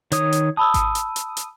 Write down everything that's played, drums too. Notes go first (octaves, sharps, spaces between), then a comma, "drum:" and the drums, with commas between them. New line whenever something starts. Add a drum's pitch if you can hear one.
D#3 C#5 D#6, drum: hi-hat
drum: hi-hat
A5 B5 D#6 E6
drum: kick G#1, hi-hat
drum: hi-hat
drum: hi-hat
drum: hi-hat